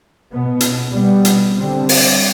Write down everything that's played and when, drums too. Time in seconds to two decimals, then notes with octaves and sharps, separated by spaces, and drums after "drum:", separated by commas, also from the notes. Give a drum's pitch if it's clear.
0.29 B2 B3
0.60 drum: hi-hat
0.92 B2 G3 B3
1.25 drum: hi-hat
1.57 D3 G3 C4
1.89 drum: open hi-hat